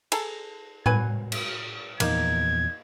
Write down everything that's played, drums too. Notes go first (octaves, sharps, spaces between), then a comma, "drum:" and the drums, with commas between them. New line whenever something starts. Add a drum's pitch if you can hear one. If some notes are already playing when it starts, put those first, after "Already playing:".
G#4 A4 A#5, drum: cymbal
F#3 B4 G#5, drum: tom A2
drum: cymbal
E2 A#2 F3 A#3 D#4 G#6, drum: cymbal